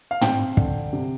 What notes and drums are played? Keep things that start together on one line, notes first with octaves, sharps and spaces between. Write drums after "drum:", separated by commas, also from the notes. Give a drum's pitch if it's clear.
F5
C4 G5, drum: tom
D3, drum: kick
C3